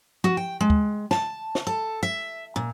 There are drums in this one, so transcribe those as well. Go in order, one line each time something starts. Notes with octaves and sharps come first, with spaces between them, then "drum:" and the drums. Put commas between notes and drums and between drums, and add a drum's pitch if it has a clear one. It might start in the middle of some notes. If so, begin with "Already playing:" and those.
F#4, drum: tom F3
G5
G#3
drum: kick
A5, drum: snare
drum: snare
A4
E5
A#2